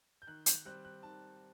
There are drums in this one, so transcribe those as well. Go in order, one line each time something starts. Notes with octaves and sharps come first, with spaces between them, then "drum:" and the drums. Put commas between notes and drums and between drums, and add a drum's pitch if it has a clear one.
G6
D#3 F#6
G6, drum: hi-hat
G3 C4 F#6
F#6
D#3 A5